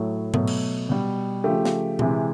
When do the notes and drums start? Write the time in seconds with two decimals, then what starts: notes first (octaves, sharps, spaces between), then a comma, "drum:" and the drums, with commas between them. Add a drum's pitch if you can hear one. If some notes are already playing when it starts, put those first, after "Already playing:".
Already playing: A2 F#3 A3
0.34 B2 F#3 A3, drum: tom G#2
0.47 drum: cymbal
0.89 B2 G3
1.44 C#3 F3 A3 G4
1.65 drum: snare
1.99 C3 E3 G#3, drum: tom A#2